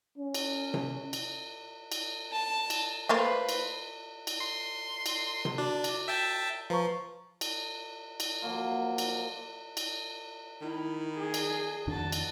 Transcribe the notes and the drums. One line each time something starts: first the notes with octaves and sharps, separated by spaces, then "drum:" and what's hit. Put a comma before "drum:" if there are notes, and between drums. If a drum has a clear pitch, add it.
C#4
drum: cymbal
drum: tom C3
drum: cymbal
drum: cymbal
A5
drum: cymbal
A3 A#3 F4 B4 C5
drum: cymbal
drum: cymbal
C6
drum: cymbal
drum: tom C3
D4 F#4
drum: cymbal
E5 G5 A5
F3 B4 A#5 C#6
drum: cymbal
drum: cymbal
F3 F#3 A#3 F4
drum: cymbal
drum: cymbal
D#3 E4
G#4
drum: cymbal
F2 D#3 D4 F#4 A5
drum: cymbal